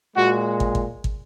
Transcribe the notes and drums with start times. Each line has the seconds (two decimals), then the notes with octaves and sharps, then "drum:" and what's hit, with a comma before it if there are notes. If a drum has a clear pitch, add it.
0.16 A#2 G#3 F#4
0.60 drum: kick
0.75 drum: kick
1.04 drum: kick